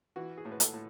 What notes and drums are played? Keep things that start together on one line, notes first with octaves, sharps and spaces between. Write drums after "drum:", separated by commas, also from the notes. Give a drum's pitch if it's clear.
E3 F#4
G#4
A2
B4
A4, drum: hi-hat
A2